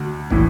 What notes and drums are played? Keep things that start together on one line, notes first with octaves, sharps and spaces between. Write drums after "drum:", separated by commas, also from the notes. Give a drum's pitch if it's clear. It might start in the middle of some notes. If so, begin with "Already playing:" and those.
Already playing: D2 D3 F#4
A2 E3 E4, drum: kick